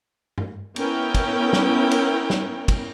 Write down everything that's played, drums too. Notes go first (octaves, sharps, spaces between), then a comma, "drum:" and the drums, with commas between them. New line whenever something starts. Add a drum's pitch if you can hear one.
drum: tom G2
B3 C#4 E4 A#4 G5, drum: cymbal
drum: kick, cymbal
drum: snare
drum: cymbal
drum: snare
drum: kick, cymbal